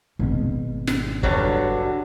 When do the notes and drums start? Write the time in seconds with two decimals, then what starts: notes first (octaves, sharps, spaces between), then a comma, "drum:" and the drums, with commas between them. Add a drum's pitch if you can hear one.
0.19 G#1 B2
0.87 drum: snare
1.23 G2 D3 F#3, drum: kick